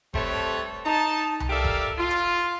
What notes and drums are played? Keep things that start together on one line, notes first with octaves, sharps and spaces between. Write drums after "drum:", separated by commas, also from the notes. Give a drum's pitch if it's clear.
G3 A3 C4 A4 B4 C#5, drum: kick F1
D#4 A5
drum: tom C2
G4 A4 A#4 D5 E5 F5
drum: kick F1
F4
drum: hi-hat